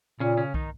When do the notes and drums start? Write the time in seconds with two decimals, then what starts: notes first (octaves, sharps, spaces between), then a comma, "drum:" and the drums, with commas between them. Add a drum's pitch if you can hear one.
0.20 A#2 C#3 C#4
0.37 C#3 C#4
0.54 D#3 D#4, drum: kick B1